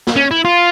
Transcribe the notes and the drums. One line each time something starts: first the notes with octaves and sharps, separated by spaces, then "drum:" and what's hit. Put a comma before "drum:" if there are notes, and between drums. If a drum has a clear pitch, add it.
drum: snare
C#4
E4
F4